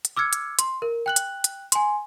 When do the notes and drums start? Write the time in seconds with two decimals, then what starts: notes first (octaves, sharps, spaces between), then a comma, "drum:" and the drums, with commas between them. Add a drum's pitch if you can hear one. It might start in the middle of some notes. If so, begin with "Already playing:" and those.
0.05 drum: hi-hat
0.17 D6 E6 F6 G#6 C#7
0.33 drum: hi-hat
0.59 C6, drum: hi-hat
0.82 A#4
1.06 G5 F#6 F#7
1.16 drum: hi-hat
1.44 drum: hi-hat
1.72 G#5 C6, drum: hi-hat